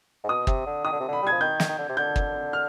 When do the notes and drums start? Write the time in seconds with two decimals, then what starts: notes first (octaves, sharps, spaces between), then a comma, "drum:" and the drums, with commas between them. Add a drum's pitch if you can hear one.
0.24 G#2
0.29 B2 D#6
0.47 C3, drum: kick
0.66 D3
0.85 D#3 D#6
0.92 D3
1.00 C3
1.08 D3 B5
1.22 G3
1.27 G#6
1.32 F3
1.41 D#3 G6
1.60 drum: snare
1.69 D#3
1.78 D3
1.89 C3
1.97 D3 G6
2.16 drum: kick
2.53 F6